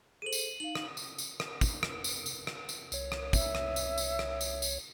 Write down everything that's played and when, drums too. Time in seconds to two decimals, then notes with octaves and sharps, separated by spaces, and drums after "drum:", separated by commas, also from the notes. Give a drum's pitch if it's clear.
0.22 G#4 A4 C5 D#7 F#7
0.33 drum: tambourine
0.60 D#4 F5 F#7
0.75 drum: rim click
0.97 drum: tambourine
1.18 drum: tambourine
1.40 drum: rim click
1.61 drum: kick, tambourine
1.83 drum: rim click
2.04 drum: tambourine
2.26 drum: tambourine
2.47 drum: rim click
2.69 drum: tambourine
2.92 C2 C#5, drum: tambourine
3.12 drum: rim click
3.33 E5, drum: kick, tambourine
3.55 drum: rim click
3.76 drum: tambourine
3.98 drum: tambourine
4.19 drum: rim click
4.41 drum: tambourine
4.62 drum: tambourine